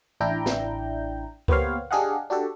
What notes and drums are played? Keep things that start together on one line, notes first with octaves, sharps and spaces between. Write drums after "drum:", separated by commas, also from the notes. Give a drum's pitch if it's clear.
A1 D4 E4 G5 A#5 G6
drum: snare
A#3 B3 G4 C5 C#5 F5, drum: kick C#2
D4 G4 G#4 D#5 F5 F#5
D4 F#4 G4 A4